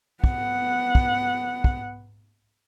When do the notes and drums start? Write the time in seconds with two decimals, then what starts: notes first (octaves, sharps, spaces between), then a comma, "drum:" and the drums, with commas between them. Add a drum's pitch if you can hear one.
0.24 B3 F#5, drum: kick
0.95 drum: kick
1.64 drum: kick